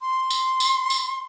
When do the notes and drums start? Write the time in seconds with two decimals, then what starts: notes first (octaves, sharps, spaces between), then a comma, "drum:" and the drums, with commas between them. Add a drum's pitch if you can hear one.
0.01 C6
0.30 drum: tambourine
0.60 drum: tambourine
0.90 drum: tambourine